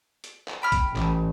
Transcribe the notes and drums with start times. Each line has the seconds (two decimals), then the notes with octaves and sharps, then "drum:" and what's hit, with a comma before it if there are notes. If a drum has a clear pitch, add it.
0.24 drum: hi-hat
0.48 drum: clap
0.62 G5 B5 F6
0.72 drum: kick, hi-hat
0.96 A1, drum: clap